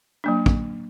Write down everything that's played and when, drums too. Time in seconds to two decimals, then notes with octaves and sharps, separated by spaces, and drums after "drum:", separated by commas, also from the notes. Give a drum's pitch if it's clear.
0.24 F#3 A#3 D4
0.46 drum: kick